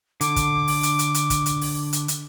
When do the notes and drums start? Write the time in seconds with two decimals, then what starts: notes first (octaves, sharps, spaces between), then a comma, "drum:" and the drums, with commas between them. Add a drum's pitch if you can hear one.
0.21 D3 D6, drum: hi-hat
0.36 drum: kick, hi-hat
0.68 drum: open hi-hat
0.83 drum: hi-hat
0.99 drum: hi-hat
1.14 drum: hi-hat
1.30 drum: kick, hi-hat
1.46 drum: hi-hat
1.61 drum: open hi-hat
1.93 drum: hi-hat
2.08 drum: hi-hat